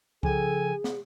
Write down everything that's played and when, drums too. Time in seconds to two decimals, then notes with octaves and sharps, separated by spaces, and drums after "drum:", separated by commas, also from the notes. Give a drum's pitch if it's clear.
0.23 C#3 F3 G#4 A4 G5 G#5, drum: kick C2
0.84 drum: snare